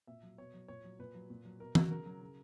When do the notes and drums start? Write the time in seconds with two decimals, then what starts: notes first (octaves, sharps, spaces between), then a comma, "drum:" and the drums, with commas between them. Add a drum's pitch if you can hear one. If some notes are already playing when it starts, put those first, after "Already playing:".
0.07 A#2 E5
0.23 F#3
0.38 B2 C#5
0.54 F#3
0.68 A#2 C#5
0.84 F#3
0.99 A#2 B4
1.15 F#3
1.30 A#2
1.45 F#3
1.60 B2 A#4
1.75 F#3 F#4, drum: tom
1.91 C#3 A#4
2.06 F#3
2.21 C#3